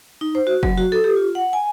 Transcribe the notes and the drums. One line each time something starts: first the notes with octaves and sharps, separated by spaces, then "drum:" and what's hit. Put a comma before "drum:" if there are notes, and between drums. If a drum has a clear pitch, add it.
D#4
C5
F#4
F#3, drum: kick
F#4
A4
G4
F4
F#5
G#5